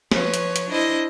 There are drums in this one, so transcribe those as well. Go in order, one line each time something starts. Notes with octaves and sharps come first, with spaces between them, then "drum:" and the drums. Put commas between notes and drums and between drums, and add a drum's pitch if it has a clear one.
F3 B4 C#5, drum: snare
drum: hi-hat
drum: hi-hat
D4 E4 C5 D#5